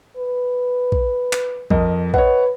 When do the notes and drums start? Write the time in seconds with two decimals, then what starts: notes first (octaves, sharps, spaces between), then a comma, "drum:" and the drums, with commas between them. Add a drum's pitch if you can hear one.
0.17 B4
0.92 drum: kick A#1
1.33 drum: clap
1.70 F2 A#4 D#5, drum: kick A#1
2.14 B4 C#5 D#5 F#5, drum: kick A#1